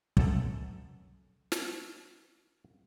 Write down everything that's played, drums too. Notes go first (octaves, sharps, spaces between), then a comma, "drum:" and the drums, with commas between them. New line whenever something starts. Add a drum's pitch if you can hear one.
B1 F#2 A4, drum: kick
drum: snare